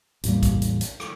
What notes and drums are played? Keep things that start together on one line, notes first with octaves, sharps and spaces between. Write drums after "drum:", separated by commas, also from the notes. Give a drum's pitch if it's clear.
A1 E2 G3 A#3, drum: hi-hat
drum: kick B1, hi-hat
drum: hi-hat
drum: hi-hat
drum: rim click